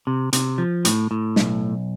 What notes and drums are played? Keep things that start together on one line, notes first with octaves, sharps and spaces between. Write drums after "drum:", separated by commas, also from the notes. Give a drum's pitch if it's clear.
C3
C3, drum: hi-hat
F3
A2, drum: hi-hat
A2
B1, drum: snare